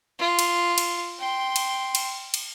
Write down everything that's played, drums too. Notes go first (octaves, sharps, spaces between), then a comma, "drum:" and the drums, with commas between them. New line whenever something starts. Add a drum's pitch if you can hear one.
F4
drum: cymbal
drum: cymbal
G5 C6
drum: cymbal
drum: cymbal
drum: cymbal